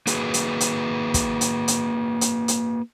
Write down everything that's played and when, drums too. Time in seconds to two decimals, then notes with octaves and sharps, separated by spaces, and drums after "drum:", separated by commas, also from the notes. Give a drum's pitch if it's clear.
0.07 A#3 F#4 G#4 B4, drum: hi-hat
0.34 drum: hi-hat
0.60 drum: hi-hat
1.14 drum: kick, hi-hat
1.41 drum: hi-hat
1.68 drum: hi-hat
2.21 drum: hi-hat
2.48 drum: hi-hat